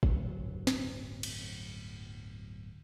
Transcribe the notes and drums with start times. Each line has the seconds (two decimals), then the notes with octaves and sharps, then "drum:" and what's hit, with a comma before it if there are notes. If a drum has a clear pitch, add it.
0.03 D1 G1 F#3, drum: kick
0.67 drum: snare
1.23 drum: cymbal